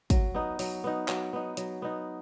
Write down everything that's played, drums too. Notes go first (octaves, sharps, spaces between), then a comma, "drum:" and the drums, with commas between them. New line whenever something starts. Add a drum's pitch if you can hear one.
F#3, drum: kick, hi-hat
B3 D#4
F#3, drum: open hi-hat
B3 D#4
F#3, drum: clap
B3 D#4
F#3, drum: hi-hat
B3 D#4